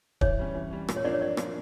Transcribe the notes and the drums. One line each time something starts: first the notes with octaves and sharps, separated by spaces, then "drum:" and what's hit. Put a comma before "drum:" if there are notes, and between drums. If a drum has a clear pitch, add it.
E3 C#5, drum: kick
G3 C#4
E3
G3 C#4
A#2, drum: rim click
C#5
F3 A#3 D4 D5
C#5
A#2 D5
F3 A#3 D4, drum: rim click